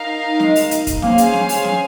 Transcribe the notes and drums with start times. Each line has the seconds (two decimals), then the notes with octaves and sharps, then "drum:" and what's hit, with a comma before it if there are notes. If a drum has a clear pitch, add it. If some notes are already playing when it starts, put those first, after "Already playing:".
Already playing: D#4 A#4 F5
0.40 G#3, drum: snare
0.56 drum: open hi-hat
0.71 drum: hi-hat
0.87 drum: kick, hi-hat
1.02 A#3 C#4 G#4 C5 F5 G#5, drum: snare
1.18 drum: hi-hat
1.33 drum: snare
1.49 drum: open hi-hat
1.65 drum: snare